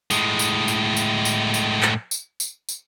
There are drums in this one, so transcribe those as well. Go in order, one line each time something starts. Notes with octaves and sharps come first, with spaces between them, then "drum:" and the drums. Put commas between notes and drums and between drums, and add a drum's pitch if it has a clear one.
A2 G#3, drum: tambourine
drum: tambourine
drum: tambourine
drum: tambourine
drum: tambourine
drum: tambourine
drum: clap
drum: tambourine
drum: tambourine
drum: tambourine